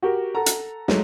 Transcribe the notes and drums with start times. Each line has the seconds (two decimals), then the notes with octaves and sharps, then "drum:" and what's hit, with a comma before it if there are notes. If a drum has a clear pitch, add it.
0.02 F#4 G4 A#4
0.35 A4 F#5 A#5
0.46 drum: hi-hat
0.88 F#3 G#3 A3, drum: snare